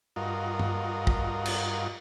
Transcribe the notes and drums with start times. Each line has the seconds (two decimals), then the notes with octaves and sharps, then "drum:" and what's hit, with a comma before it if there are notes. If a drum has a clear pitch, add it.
0.16 G2 F4 F#4 A#4 D#5
0.60 drum: tom
1.07 drum: kick
1.45 drum: cymbal